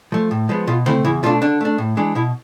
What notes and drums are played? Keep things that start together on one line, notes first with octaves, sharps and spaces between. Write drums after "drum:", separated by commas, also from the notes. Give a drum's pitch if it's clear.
F3 A3
A2
F3 G#3 B3
B2 F4
A3 C4 E4, drum: tom C#3
E2 E4
B2 A3 D4 F4
D3 D4
A3 D4
A2
E3 G#3 D4
B2 E4